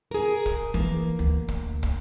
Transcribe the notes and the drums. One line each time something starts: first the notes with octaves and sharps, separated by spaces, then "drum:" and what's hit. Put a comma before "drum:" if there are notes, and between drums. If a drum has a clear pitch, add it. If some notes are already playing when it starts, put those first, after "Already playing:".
G#4 A#4
drum: kick
E3 A#3
D2
drum: kick
drum: kick